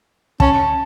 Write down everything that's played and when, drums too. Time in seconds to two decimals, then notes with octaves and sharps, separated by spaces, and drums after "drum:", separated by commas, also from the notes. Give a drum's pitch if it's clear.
0.40 C#4 A5, drum: kick